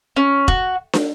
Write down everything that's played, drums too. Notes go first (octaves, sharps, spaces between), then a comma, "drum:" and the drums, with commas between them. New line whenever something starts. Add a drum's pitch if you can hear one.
C#4
F#4, drum: kick F1
drum: snare